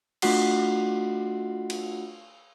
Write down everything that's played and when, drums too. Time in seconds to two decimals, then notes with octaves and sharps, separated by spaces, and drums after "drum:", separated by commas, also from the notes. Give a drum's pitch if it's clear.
0.22 A3 D4 F4 F#4 F#5 C7, drum: cymbal
1.70 drum: cymbal